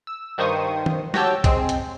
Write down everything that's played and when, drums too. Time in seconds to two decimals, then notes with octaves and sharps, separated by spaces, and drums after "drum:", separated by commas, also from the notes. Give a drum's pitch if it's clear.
0.07 E6
0.38 G2 D#3 C5 C#6 D#6 D#7
0.86 drum: tom D#3
1.14 F#4 G4 C#5 G5 A5 E6, drum: snare
1.44 G#3 C4, drum: kick B1, hi-hat
1.69 drum: hi-hat